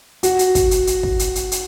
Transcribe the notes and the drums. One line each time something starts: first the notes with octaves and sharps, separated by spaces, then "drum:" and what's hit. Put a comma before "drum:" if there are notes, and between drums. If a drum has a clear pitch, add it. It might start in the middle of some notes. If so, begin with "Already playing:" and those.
F#4, drum: hi-hat
drum: hi-hat
drum: kick, hi-hat
drum: hi-hat
drum: hi-hat
drum: kick
drum: hi-hat
drum: hi-hat
drum: hi-hat